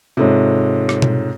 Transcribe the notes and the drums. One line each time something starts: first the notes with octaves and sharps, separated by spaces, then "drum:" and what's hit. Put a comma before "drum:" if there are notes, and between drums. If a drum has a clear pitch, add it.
G#2 C3 F4 A4 C#5
drum: rim click
drum: tom B2